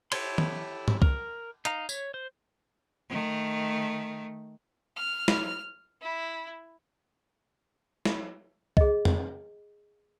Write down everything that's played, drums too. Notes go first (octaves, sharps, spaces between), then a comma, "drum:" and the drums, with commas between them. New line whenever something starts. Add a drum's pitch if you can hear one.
E4 G4 A4 C#5 C6, drum: cymbal
drum: tom
drum: tom G#2
A#4, drum: kick C2
D#4 F5 A#5, drum: hi-hat
C#5, drum: tambourine
C5
D#3 A3
F6
drum: snare
E4
drum: snare
G#4 D#5, drum: kick C2
drum: tom